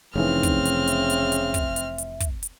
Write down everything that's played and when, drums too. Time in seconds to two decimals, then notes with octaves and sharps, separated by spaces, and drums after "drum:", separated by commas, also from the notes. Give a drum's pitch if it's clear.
0.15 F1 C#3 E3 C4 D#4 F6
0.43 drum: kick, hi-hat
0.65 drum: hi-hat
0.88 E5, drum: hi-hat
1.10 drum: hi-hat
1.32 drum: hi-hat
1.54 drum: kick, hi-hat
1.76 drum: hi-hat
1.98 drum: hi-hat
2.20 drum: kick, hi-hat
2.43 drum: hi-hat